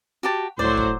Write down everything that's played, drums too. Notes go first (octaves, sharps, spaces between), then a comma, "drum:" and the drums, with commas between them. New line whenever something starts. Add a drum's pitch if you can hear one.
F#4 G4 A5
A2 F#3 C5 D5, drum: tom
drum: kick